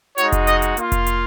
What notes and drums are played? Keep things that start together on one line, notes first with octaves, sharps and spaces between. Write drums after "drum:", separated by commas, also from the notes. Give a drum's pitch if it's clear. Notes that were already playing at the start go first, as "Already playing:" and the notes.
G#3 D#4 F#4 C#5, drum: hi-hat
drum: kick F1, hi-hat
D#5, drum: hi-hat
drum: hi-hat
A#3 F4, drum: hi-hat
drum: kick F1, hi-hat
drum: hi-hat